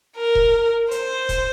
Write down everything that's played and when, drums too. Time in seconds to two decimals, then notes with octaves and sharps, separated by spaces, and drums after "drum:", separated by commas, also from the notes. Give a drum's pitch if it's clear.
0.17 A#4
0.35 drum: kick E1
0.91 C5, drum: hi-hat
1.29 drum: kick E1, hi-hat